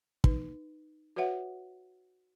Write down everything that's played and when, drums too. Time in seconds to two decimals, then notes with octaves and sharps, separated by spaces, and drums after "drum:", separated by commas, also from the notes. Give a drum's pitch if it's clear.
0.24 D#4 B4, drum: kick
1.16 F#4 B4 C#5 E5 F#5